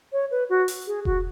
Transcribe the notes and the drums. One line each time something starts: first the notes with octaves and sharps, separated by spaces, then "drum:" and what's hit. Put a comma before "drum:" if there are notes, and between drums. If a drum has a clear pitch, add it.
C#5
B4
F#4
drum: open hi-hat
G#4
F#4, drum: kick E1